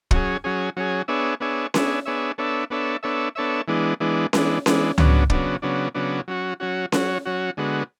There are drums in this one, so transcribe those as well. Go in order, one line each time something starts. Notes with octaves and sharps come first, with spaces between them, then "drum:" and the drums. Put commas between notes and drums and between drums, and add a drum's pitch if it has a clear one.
F#3 C#4 G#4, drum: kick
F#3 C#4 G#4
F#3 C#4 G#4
B3 D4 G#4 C#5 E5
B3 D4 G#4 C#5 E5
B3 D4 G#4 C#5 E5, drum: snare C#4
B3 D4 G#4 C#5 E5
B3 D4 A4 C#5 E5
B3 D4 A4 C#5 E5
B3 D4 A4 C#5 E5
B3 D4 A4 C#5 E5
E3 G#3 B3 D4
E3 G#3 B3 D4
E3 G#3 B3 D4, drum: snare C#4
E3 G#3 B3 D4, drum: snare C#4
C#3 F#3 B3 D4, drum: tom C#2
C#3 F#3 B3 D4, drum: kick
C#3 F#3 B3 D4
C#3 F#3 B3 D4
F#3 C#4 F#4
F#3 C#4 F#4
F#3 C#4 F#4, drum: snare C#4
F#3 C#4 F#4
D3 G#3 B3 F#4